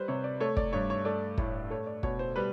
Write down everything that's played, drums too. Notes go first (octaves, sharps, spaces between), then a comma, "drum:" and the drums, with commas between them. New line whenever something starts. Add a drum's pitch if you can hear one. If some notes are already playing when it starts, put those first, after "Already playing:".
Already playing: G3 B4 C5
C3 C#5
D5
A3 C#5
D5, drum: kick
G2 C#5
C#5
A3 D5
A2 C#5, drum: kick
A3 C#5
D5
B2 C#5, drum: kick
C5
G3 B4